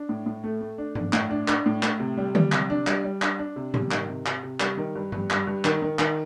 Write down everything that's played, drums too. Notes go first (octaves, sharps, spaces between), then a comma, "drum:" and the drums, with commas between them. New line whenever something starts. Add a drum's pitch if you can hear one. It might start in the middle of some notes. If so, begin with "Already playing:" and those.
Already playing: D4
A2
A2
A3
A3
D4
D4, drum: tom G2
A2, drum: clap
D4
D4, drum: clap
A2
A2, drum: clap
C3
G3
G3, drum: tom D3
C3, drum: clap
D4
G3, drum: clap
G3
D4, drum: clap
D4
C3
G3, drum: tom G#2
D#3, drum: clap
C3
C3, drum: clap
C3
G3, drum: clap
D#3
G2
G2, drum: tom G2
G2, drum: clap
G2
D#3, drum: clap
D#3
D#3, drum: clap